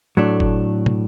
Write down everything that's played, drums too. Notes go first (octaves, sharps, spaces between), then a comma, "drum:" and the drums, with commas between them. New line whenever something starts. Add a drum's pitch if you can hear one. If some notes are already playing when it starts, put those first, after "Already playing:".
A2 F#3 A3 D4
drum: kick F#1
drum: tom